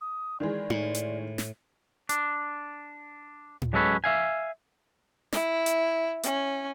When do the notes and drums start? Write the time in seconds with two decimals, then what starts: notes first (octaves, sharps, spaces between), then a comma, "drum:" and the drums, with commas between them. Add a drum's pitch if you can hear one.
0.01 D#6
0.40 D#3 E3 G#3 D5
0.70 A2, drum: tom D#4
0.95 drum: hi-hat
1.38 drum: snare
2.09 D4, drum: hi-hat
3.62 drum: tom A2
3.73 F#3 G#3 C#4 A4 B4 C#5
4.04 E5 F5 G#5
5.32 E4, drum: snare
5.66 drum: hi-hat
6.23 C#4, drum: hi-hat